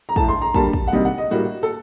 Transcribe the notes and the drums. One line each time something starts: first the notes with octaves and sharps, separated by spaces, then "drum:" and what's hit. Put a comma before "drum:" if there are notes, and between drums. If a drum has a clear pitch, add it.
A#5
A2 A3 A5, drum: kick
C6
A#5
D3 G3 A#3 A5, drum: kick
drum: kick
F#5
C3 D#3 G3 A#3 D#5
F#5
D#5
A2 G3 A#3 F#4
A4